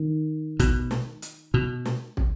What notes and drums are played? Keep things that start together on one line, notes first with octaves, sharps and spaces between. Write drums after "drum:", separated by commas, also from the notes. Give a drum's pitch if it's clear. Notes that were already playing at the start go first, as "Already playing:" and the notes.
Already playing: D#3
B2, drum: kick, hi-hat
drum: snare
drum: hi-hat
B2
drum: snare
drum: kick